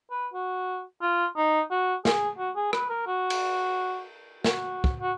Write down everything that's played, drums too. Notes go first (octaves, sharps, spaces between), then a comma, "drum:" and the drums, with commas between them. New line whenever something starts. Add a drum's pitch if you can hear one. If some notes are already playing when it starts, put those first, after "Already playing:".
B4
F#4
F4
D#4
F#4
G#4, drum: snare
F#4
G#4
B4, drum: rim click
A#4
F#4
drum: cymbal
F#4, drum: snare
drum: kick
F#4